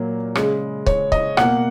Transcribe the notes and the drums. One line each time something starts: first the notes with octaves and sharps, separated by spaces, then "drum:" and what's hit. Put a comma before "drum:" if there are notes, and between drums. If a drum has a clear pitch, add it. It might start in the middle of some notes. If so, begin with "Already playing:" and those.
Already playing: A#2 F#3 A#3
C#3 G#3, drum: rim click
C#5, drum: kick C#1
D#5, drum: kick C#1
B2 A#3 F#5, drum: rim click